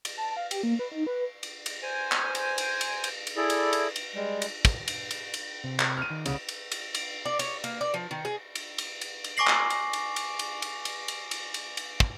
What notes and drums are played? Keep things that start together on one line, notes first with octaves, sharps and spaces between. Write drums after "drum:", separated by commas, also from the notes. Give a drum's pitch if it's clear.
drum: cymbal
A5
F5
G4, drum: cymbal
A#3
B4
D#4
B4
drum: cymbal
drum: cymbal
C5 G#5
drum: clap
drum: cymbal
drum: cymbal
drum: cymbal
drum: cymbal
drum: cymbal
E4 G#4 A4 D5
drum: cymbal
drum: cymbal
drum: cymbal
G3 G#3
drum: cymbal
drum: kick, cymbal
drum: cymbal
drum: cymbal
drum: cymbal
C3
drum: clap
F6 D#7
D#3
C2 C#3, drum: cymbal
drum: cymbal
drum: cymbal
drum: cymbal
D5
C#5, drum: cymbal
A#3, drum: cymbal
D5
F3
D#3
G#4
drum: cymbal
drum: cymbal
drum: cymbal
drum: cymbal
G#5 C#6 D6 A#6 C7 F#7
drum: clap
drum: cymbal
drum: cymbal
drum: cymbal
drum: cymbal
drum: cymbal
drum: cymbal
drum: cymbal
drum: cymbal
drum: cymbal
drum: cymbal
drum: kick